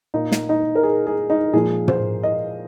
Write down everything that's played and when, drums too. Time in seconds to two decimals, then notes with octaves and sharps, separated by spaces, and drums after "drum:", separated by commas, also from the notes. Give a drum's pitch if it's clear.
0.14 A#2 A#3 D#4
0.32 drum: snare
0.49 D#4
0.75 A#4
0.83 G#4
1.07 G#4
1.30 D#4
1.53 A#2 F3 G#3 G#4
1.88 C5, drum: tom
2.23 D#5